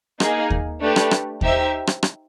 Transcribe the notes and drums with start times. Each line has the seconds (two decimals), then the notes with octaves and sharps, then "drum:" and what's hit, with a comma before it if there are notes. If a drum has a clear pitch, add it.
0.20 A#3 D#4 G#4, drum: rim click
0.50 drum: kick D#2
0.81 A3 D4 G4 B4
0.96 drum: rim click
1.11 drum: rim click
1.41 D#4 G4 C5 E5, drum: kick D#2
1.87 drum: rim click
2.03 drum: rim click